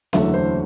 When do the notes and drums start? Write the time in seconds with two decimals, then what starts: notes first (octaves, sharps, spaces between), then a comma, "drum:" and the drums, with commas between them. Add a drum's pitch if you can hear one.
0.13 F#1 E2 D3 F#3 A3 E5, drum: snare C#4
0.34 C5